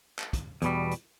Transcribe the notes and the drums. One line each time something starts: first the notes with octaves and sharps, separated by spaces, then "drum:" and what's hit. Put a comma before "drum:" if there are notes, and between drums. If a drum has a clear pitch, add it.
drum: clap
drum: kick, hi-hat
E2 B2 G3, drum: hi-hat
drum: hi-hat